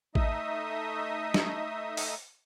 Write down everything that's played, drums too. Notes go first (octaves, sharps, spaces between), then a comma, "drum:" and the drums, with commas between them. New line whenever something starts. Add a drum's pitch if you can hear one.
A3 D#4 D#5 E5 D#6, drum: kick A1
drum: snare
drum: open hi-hat